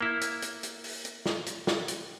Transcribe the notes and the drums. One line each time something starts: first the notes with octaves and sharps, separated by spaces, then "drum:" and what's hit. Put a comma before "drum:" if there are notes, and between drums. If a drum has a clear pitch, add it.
A#3 E4
drum: hi-hat
drum: hi-hat
drum: hi-hat
drum: open hi-hat
drum: hi-hat
drum: snare
drum: hi-hat
drum: snare
drum: hi-hat